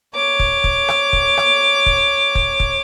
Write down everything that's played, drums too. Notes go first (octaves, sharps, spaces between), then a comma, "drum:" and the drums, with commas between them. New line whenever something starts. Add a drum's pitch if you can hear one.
C#5 D6
drum: kick
drum: kick
drum: rim click
drum: kick
drum: rim click
drum: kick
drum: kick
drum: kick